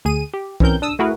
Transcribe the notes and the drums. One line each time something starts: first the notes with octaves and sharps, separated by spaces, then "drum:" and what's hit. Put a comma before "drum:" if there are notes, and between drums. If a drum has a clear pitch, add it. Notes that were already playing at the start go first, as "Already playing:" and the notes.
D2 G#4 D#7
G4
E3 C4 C#4 A#4 G6, drum: kick C2
D4 D#6 E6
A3 E4 F#4 G#4 A#4 B4